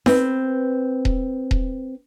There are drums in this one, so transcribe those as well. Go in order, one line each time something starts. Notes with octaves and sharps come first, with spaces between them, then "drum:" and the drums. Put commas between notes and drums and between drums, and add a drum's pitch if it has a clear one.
C4 B4, drum: snare D#4
drum: kick D#1
drum: kick D#1